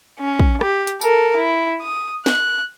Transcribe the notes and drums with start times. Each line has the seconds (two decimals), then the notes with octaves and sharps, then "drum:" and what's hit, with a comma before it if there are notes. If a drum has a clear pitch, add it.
0.19 C#4
0.40 drum: kick
0.61 G4, drum: rim click
0.87 drum: hi-hat
1.01 A4 A#4, drum: tambourine
1.36 E4
1.81 D#6
2.26 F#6, drum: snare